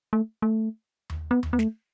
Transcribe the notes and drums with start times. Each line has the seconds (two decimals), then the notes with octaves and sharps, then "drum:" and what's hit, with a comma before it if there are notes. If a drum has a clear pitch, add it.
0.13 A3
0.42 A3
1.10 drum: tom D#2
1.31 B3
1.43 drum: tom D#2
1.53 B3
1.59 A3, drum: snare